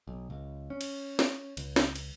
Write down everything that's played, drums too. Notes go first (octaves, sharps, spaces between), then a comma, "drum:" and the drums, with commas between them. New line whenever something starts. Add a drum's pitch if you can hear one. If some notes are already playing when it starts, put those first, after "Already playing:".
B1
C#2
C#4
drum: cymbal
drum: snare
C#2, drum: cymbal
drum: snare
drum: cymbal